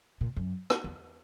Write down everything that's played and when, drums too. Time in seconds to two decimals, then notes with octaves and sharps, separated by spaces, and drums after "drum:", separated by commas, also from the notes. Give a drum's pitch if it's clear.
0.21 A#2
0.36 F#2
0.70 drum: rim click
0.84 E2